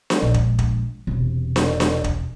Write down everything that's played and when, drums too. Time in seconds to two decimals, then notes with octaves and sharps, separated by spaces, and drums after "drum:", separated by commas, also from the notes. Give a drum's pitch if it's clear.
0.10 drum: snare D4
0.22 A#1 G#3
0.34 drum: kick
0.59 drum: kick
1.07 E1 C3
1.56 drum: snare D4
1.80 drum: snare D4
2.04 drum: kick